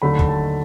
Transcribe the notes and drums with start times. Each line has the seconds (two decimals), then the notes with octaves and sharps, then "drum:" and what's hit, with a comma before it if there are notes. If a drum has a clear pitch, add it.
0.02 D#2 D3 F#3 A3 B5
0.19 drum: kick
0.29 A5